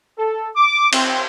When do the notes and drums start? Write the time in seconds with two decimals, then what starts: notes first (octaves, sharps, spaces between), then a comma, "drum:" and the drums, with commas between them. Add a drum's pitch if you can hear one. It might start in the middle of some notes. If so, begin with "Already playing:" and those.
0.18 A4
0.56 D6
0.93 C4, drum: cymbal